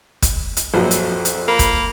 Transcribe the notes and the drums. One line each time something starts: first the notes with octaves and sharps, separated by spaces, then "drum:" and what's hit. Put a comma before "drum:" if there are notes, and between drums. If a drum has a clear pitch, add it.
drum: kick, hi-hat
drum: hi-hat
A#1 F#2 F4 A4 C5
drum: hi-hat
drum: hi-hat
A#3 B5
drum: kick, hi-hat